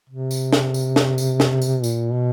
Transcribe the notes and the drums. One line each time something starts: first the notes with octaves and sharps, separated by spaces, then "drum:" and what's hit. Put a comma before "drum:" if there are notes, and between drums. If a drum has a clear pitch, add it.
C3
drum: tambourine
drum: snare
drum: tambourine
drum: snare
drum: tambourine
drum: snare
drum: tambourine
A#2, drum: tambourine
B2